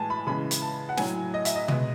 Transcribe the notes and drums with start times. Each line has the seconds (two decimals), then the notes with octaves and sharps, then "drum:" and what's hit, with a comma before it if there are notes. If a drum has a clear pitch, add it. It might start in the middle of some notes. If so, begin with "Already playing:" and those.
Already playing: A2 E3 G#3 G#5 A5
0.10 B5
0.27 C#3 E3 G#3 B5
0.51 drum: hi-hat
0.62 A5
0.89 F#5
0.97 A2 F#3 G#5, drum: snare
1.34 D#5
1.45 E5, drum: hi-hat
1.56 D#5
1.68 B2 G#3 D#5, drum: tom